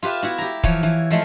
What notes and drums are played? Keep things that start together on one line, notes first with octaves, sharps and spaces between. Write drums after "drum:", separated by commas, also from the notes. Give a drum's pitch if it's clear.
F4 G4 B4 E5
B3 E4 F#4
G4 A#5
E3 F3 C#5, drum: kick
E3
F3 G#3 A3